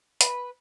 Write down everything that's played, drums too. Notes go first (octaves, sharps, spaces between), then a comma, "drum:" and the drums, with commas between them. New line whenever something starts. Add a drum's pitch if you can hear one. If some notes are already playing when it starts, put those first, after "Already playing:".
B4, drum: hi-hat